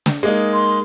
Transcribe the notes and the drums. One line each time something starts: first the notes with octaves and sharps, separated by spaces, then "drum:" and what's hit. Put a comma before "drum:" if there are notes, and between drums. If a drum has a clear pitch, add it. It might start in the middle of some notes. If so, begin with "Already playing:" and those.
drum: snare
G#3 A#3 D#4
C6